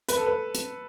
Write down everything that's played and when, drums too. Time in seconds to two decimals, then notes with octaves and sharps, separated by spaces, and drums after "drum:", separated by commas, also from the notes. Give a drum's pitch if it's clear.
0.09 B4, drum: hi-hat
0.17 A4
0.26 B4
0.55 drum: hi-hat